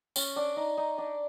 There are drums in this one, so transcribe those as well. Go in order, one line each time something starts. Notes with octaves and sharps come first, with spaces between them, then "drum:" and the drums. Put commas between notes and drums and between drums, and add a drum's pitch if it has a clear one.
C#4, drum: tambourine
D4
D#4
D#4
D4